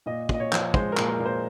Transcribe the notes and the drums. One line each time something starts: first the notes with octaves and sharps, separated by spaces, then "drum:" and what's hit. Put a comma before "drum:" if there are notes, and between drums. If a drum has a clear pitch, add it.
A#2 D#5
A#2, drum: kick
D#5
C#5
F3, drum: clap
G#3 C5, drum: kick
A#4
A#2, drum: clap
A#4
A#2
C5